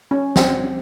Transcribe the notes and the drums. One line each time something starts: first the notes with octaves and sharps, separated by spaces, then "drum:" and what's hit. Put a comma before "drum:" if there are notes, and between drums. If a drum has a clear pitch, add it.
C#4
C4, drum: snare